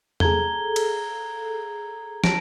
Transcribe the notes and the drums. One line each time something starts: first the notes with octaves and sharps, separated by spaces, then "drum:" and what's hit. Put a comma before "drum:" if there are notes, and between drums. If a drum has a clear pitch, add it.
G#4 A4 A#5 G#6 G7, drum: tom E2
drum: cymbal
A5 A#6 D7, drum: snare